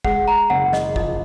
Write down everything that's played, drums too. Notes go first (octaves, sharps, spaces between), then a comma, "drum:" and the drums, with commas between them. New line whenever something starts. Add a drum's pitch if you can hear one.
G#3 F#5, drum: kick
A#5
F#1 F#5
D#5, drum: snare
F3 D#5, drum: kick